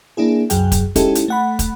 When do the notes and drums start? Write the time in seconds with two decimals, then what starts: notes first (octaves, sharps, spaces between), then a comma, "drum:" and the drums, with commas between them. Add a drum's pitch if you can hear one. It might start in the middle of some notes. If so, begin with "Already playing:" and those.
0.17 A#3 D4 E4 G#4
0.50 C2 F#2 F#3 G#4 G5, drum: hi-hat
0.72 drum: kick, hi-hat
0.96 G#3 C#4 D#4 E4 G4 A4, drum: kick, hi-hat
1.15 drum: hi-hat
1.28 A3 F#5 B5
1.59 drum: kick, hi-hat